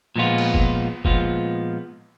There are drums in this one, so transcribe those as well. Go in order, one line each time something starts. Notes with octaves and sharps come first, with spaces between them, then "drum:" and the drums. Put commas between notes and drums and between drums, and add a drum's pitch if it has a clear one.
A#2 F3 G#3 B3 F4
drum: cymbal
drum: kick
A#2 F3 G#3 B3 F4, drum: kick